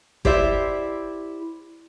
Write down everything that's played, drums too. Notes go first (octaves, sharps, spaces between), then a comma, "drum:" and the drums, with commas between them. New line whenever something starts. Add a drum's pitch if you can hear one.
E4 G4 C5 D5 E5, drum: kick